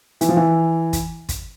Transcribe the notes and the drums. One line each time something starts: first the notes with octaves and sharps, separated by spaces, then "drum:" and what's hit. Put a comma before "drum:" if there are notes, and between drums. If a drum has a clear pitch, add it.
E3, drum: hi-hat
F3
E3
drum: kick, hi-hat
drum: kick, hi-hat